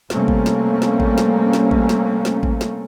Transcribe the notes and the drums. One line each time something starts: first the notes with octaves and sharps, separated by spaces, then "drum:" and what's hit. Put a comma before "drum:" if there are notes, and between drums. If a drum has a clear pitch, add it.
C3 G3 A3 A#3 C4 C#4, drum: snare
drum: kick A1
drum: snare
drum: snare
drum: kick A1
drum: snare
drum: snare
drum: kick A1
drum: snare
drum: snare
drum: kick A1
drum: snare